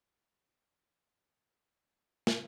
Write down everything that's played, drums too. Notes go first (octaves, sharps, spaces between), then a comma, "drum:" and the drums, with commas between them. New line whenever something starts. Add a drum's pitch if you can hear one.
D3 F3
G#5 A5
drum: snare